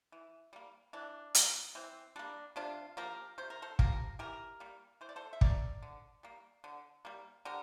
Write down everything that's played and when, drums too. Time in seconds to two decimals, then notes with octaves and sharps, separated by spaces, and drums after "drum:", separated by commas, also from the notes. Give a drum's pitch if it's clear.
0.12 E3
0.53 G3 A#3
0.93 E3 D4
1.35 G3 A#3, drum: hi-hat
1.75 E3 C4
2.16 G3 A#3 D4
2.56 C3 D4 F4
2.97 F3 A#3 G4 A#4
3.38 C3 C5
3.50 A#4
3.62 A4 C5
3.79 F3 A#3 G4 A#4, drum: kick
4.19 E3 G4 A#4
4.60 G3 A#3
5.01 E3 C5
5.09 D5
5.16 A4 C5
5.33 E5
5.41 G3 A#3 A#4 D5, drum: kick
5.82 D3
6.23 G3 A#3
6.64 D3
7.05 G3 A#3
7.45 D3 G4 A#4